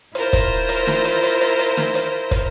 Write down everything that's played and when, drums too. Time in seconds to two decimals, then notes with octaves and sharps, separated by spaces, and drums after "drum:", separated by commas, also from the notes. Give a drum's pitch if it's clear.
0.15 E4 F4 A#4 C5, drum: hi-hat
0.33 drum: kick, hi-hat
0.69 drum: hi-hat
0.87 drum: snare
1.05 drum: hi-hat
1.23 drum: hi-hat
1.41 drum: hi-hat
1.59 drum: hi-hat
1.77 drum: snare
1.95 drum: hi-hat
2.31 drum: kick, hi-hat